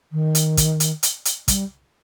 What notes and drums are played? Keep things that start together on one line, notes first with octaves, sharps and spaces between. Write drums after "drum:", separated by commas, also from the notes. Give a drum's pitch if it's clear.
D#3
drum: hi-hat
drum: kick, hi-hat
drum: hi-hat
drum: hi-hat
drum: hi-hat
G3, drum: kick, hi-hat